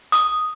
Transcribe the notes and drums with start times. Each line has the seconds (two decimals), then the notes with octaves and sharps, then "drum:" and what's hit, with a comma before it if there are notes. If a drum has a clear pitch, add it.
0.12 D#6, drum: hi-hat